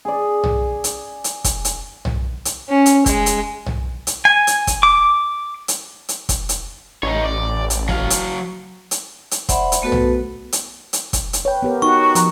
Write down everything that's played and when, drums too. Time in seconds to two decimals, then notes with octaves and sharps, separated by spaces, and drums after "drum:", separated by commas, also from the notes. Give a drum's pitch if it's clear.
0.05 G#4 D5
0.44 drum: tom
0.84 drum: hi-hat
1.24 drum: hi-hat
1.44 drum: kick, hi-hat
1.65 drum: hi-hat
2.05 drum: tom
2.45 drum: hi-hat
2.69 C#4
2.86 drum: hi-hat
3.06 G#3, drum: kick, hi-hat
3.26 drum: hi-hat
3.66 drum: tom
4.07 drum: hi-hat
4.25 G#5
4.47 drum: hi-hat
4.67 drum: kick, hi-hat
4.83 D6
5.68 drum: hi-hat
6.09 drum: hi-hat
6.29 drum: kick, hi-hat
6.49 drum: hi-hat
7.03 A1 D#4 C#5
7.24 D5
7.70 drum: hi-hat
7.89 F#3 F5, drum: kick
8.10 drum: hi-hat
8.91 drum: hi-hat
9.31 drum: hi-hat
9.49 C5 D5 E5 F#5 B5 C6, drum: kick, hi-hat
9.72 drum: hi-hat
9.82 A3 B3 F#4 A4 B4
9.92 drum: tom
10.52 drum: hi-hat
10.93 drum: hi-hat
11.13 drum: kick, hi-hat
11.33 drum: hi-hat
11.45 B4 C#5 G5
11.62 B3 G4 A#4
11.82 D#4 F#4 C#6
12.15 F3 A#5, drum: hi-hat